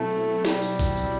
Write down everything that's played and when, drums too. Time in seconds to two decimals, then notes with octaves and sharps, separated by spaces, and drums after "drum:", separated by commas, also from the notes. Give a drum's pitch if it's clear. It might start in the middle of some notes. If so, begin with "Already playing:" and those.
Already playing: B2 F#3 A3 C4 E4
0.45 G3, drum: snare
0.62 drum: tambourine
0.79 drum: kick, tambourine
0.97 drum: tambourine